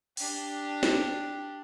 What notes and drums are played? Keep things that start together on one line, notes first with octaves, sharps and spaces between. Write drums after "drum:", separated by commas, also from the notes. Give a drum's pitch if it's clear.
D4 G4, drum: open hi-hat
drum: snare